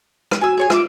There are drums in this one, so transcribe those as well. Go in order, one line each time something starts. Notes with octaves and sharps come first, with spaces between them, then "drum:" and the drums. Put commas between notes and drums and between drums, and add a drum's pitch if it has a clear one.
drum: rim click
F#4 G#5 E6
G#4 C#5 G#5
F4 E5 D6, drum: rim click